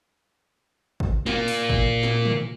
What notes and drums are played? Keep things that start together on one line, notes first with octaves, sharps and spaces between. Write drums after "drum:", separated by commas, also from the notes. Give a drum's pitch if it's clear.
drum: kick
A#3 F4, drum: snare
drum: open hi-hat
drum: kick
drum: snare
drum: tom